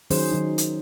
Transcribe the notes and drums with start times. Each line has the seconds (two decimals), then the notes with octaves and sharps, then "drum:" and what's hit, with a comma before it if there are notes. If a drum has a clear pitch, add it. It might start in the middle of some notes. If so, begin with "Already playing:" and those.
0.10 D#3 F#3 C#4 G#4 C5, drum: open hi-hat
0.31 D#3 F#3 D#4
0.58 drum: hi-hat